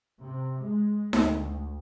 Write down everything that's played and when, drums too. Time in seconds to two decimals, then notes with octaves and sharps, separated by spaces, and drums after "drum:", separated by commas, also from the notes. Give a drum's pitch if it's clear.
0.20 C3
0.60 G#3
1.13 D2, drum: snare D#4